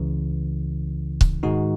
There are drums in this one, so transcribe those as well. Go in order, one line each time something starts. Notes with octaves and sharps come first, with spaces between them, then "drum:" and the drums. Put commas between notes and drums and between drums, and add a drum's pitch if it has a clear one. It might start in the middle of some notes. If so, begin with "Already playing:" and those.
Already playing: C#2 C#3 E3
drum: kick C#1
G#2 D#3 G#3 D#4 F#4